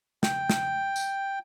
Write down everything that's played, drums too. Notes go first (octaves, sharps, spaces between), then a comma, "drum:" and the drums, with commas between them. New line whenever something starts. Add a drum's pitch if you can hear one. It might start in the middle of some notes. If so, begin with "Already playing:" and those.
G5, drum: snare
drum: snare
drum: tambourine